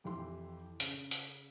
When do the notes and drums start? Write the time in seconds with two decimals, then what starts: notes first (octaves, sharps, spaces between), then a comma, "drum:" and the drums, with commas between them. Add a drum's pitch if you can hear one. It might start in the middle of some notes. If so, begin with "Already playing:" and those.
0.04 F2 E3 G4 C6
0.80 C#3, drum: hi-hat
1.11 drum: hi-hat